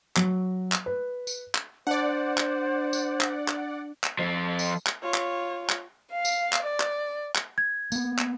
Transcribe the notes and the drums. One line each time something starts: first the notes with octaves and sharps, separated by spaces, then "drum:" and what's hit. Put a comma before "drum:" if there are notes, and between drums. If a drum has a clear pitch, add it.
F#3, drum: clap
drum: clap
B4
drum: tambourine
drum: clap
D4 C5 D5 F#5
drum: clap
drum: tambourine
drum: clap
drum: clap
drum: clap
F3 C4
drum: tambourine
drum: clap
F4 C#5
drum: clap
drum: clap
F5
drum: tambourine
drum: clap
D5
drum: clap
drum: clap
G#6
A#3 B3, drum: tambourine
drum: clap